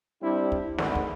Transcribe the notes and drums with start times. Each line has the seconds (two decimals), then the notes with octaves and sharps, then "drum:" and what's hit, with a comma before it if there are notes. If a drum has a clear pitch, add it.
0.23 G3 C4 D4 E4
0.52 drum: kick
0.78 G#1 D2 G#2 D3 B3 B4, drum: snare
0.95 drum: kick